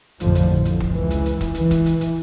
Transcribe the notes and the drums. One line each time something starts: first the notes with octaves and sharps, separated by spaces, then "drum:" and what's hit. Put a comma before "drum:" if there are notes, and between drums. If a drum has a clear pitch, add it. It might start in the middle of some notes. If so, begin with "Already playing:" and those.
A1 F2 A2 D3 F3, drum: hi-hat
drum: hi-hat
A1
drum: hi-hat
drum: kick
C#2 E3
drum: hi-hat
drum: hi-hat
drum: kick, hi-hat
E3, drum: hi-hat
drum: kick, hi-hat
drum: hi-hat
drum: hi-hat